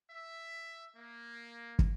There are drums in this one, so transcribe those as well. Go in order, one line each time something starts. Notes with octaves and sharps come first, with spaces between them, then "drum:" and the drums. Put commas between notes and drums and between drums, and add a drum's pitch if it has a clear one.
E5
A#3
drum: kick